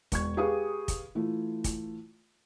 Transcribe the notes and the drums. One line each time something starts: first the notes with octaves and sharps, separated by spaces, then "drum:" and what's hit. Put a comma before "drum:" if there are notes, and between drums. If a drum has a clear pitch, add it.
E1 C#6 G#6, drum: kick, hi-hat
G4 G#4 B4 F5 C#6 D#6
drum: kick, hi-hat
E3 A3 F4
drum: kick, hi-hat